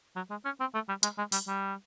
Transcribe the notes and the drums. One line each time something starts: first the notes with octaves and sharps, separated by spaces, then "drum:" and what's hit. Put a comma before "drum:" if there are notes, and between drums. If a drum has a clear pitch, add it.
F#3
G#3
C#4
C4
A3
G3
G#3, drum: hi-hat
G#3
G3, drum: open hi-hat
G3